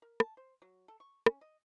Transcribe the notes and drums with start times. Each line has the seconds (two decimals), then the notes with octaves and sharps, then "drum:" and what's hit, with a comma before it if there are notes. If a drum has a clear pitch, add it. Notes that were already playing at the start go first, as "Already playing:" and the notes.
0.02 A#4
0.20 A5, drum: rim click
0.37 C5
0.62 F#3
0.88 A4
1.00 C#6
1.26 C#4, drum: rim click
1.41 D#5